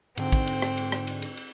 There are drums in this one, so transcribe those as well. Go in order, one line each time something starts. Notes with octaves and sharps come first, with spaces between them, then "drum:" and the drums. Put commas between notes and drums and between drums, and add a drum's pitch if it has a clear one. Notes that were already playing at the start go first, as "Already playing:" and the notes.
G#2 D3 C4, drum: cymbal
drum: kick, cymbal
drum: cymbal
drum: rim click
drum: cymbal
drum: rim click
drum: cymbal
drum: cymbal
drum: cymbal